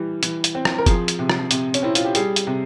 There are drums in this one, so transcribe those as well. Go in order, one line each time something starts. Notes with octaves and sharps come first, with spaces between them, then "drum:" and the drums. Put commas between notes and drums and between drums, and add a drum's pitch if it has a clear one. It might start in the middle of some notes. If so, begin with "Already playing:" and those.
Already playing: E3 G3
E3, drum: hi-hat
drum: hi-hat
C4
drum: rim click
A#4
F3 G#4, drum: kick F#1, hi-hat
drum: hi-hat
C3
drum: rim click
C3, drum: hi-hat
C#4, drum: hi-hat
C4 E4
F4, drum: hi-hat
G4
G3 G#4, drum: hi-hat
drum: hi-hat
C3